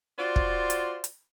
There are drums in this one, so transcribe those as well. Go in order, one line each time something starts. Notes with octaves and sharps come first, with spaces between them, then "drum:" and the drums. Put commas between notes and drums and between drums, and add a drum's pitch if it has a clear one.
F4 F#4 C5 D5
drum: kick
drum: hi-hat
drum: hi-hat